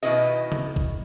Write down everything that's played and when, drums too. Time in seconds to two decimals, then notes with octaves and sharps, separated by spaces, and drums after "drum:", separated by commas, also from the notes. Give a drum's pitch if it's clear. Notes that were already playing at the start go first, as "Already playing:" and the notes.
0.03 B2 D#3 E4 B4 D#5
0.52 drum: tom C#3
0.76 drum: kick